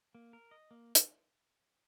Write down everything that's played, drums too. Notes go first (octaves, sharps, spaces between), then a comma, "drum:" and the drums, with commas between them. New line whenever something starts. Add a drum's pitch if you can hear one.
A#3
A#4
D#5
A#3
drum: hi-hat